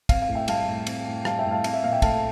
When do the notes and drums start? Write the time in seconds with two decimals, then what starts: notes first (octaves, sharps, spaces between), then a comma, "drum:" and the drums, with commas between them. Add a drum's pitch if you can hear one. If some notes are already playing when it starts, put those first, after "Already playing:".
0.09 C4 F5, drum: kick, cymbal
0.22 F5
0.28 A2
0.35 E5 G5
0.48 G3 F5 A5, drum: cymbal
0.67 A2
0.87 C4, drum: cymbal
1.07 A2
1.25 G3 F5 A5, drum: rim click
1.39 E5 G5
1.45 A2
1.51 F5 A5
1.64 C4 F5, drum: cymbal
1.73 E5
1.83 A#2 F5
1.93 E5 G5
2.02 A3 F5 A5, drum: kick, cymbal